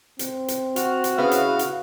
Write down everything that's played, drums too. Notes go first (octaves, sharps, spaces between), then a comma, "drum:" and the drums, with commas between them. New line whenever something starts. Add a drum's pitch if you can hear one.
C4, drum: hi-hat
drum: hi-hat
F#4 F6, drum: hi-hat
drum: hi-hat
C#3 B3 E4 F5
drum: hi-hat
drum: hi-hat